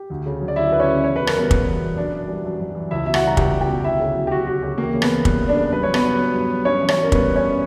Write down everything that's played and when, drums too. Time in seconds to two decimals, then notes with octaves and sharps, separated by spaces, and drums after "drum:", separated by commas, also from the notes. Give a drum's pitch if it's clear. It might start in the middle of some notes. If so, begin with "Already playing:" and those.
Already playing: G4
0.10 D2
0.26 C#3
0.41 F#3
0.48 D5
0.56 D2 E4 E5
0.72 D2 B4
0.80 C#4 C#5
0.88 C#3
1.04 E2 C#5
1.16 B2 B4
1.27 A#4, drum: rim click
1.35 G3 B3 B4
1.51 E2, drum: kick
1.66 E2
1.82 B2
1.97 F#2 D4 D5
2.12 E3
2.28 G3
2.45 F#2
2.60 F#2
2.75 E3
2.91 C#2 E4 E5
3.06 B2 E5
3.14 F#4 F#5, drum: rim click
3.23 G3 A#5
3.37 C#2 G4 G5, drum: kick
3.53 C#2
3.61 G4 G5
3.69 B2
3.84 D2 E4 E5
4.00 C#3
4.16 F#3
4.27 G4
4.31 D2 F#4
4.47 D2 F#4
4.62 C#3 G4
4.78 E2 A#3 A#4
4.93 C#3
5.02 B3 B4, drum: rim click
5.09 E3
5.25 G3, drum: kick
5.40 E2
5.48 D4 D5
5.56 C#3
5.72 G2 B4
5.83 F#3 C#5
5.94 B3 B4, drum: rim click
6.04 G2
6.18 F#3
6.34 G2
6.50 F#3
6.65 G2 C#4 C#5
6.81 E3
6.88 C#4 C#5, drum: rim click
6.97 G3
7.03 A#4
7.12 G2 B3 B4, drum: kick
7.27 G2
7.36 C#4 C#5
7.44 E3